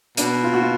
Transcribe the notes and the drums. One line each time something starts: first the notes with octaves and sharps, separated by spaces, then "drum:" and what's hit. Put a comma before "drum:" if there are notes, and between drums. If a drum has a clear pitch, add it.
B2 D4, drum: hi-hat
F4
F#4
F4